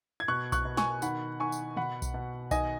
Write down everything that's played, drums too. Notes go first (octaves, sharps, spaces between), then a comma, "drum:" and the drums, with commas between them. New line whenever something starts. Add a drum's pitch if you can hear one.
G#6
B2 C#6 F#6
C#6 F#6, drum: kick B1, tambourine
B2
G#5 C#6, drum: snare
D#3 F#5 B5, drum: tambourine
D#3 G#5 C#6
drum: tambourine
B2 F#5 B5, drum: tom
drum: kick B1, tambourine
B2
D#3 D#5 G#5, drum: kick B1, tambourine